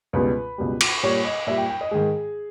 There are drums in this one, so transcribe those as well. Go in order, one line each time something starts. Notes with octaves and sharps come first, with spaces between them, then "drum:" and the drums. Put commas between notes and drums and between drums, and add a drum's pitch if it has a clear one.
C#2 B2 G3 B4
C#2 B2 G3
drum: cymbal
A#2 G3 C#5
D#5
A#2 G3 E5
G5
G5
D#5
G#2 D#3 G#3 G#4